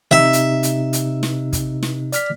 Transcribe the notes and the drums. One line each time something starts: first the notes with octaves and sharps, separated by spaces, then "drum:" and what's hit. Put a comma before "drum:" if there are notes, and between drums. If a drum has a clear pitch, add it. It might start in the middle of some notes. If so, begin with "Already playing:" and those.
C3 D#4 E5
drum: hi-hat
drum: hi-hat
drum: hi-hat
drum: snare
drum: kick, hi-hat
drum: snare
D5 F6 B6, drum: hi-hat